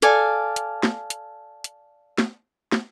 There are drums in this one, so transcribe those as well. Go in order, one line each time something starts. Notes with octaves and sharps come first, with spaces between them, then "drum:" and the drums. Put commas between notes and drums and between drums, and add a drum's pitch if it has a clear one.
A4 D5 F5 G#5, drum: hi-hat
drum: hi-hat
drum: snare
drum: hi-hat
drum: hi-hat
drum: snare
drum: snare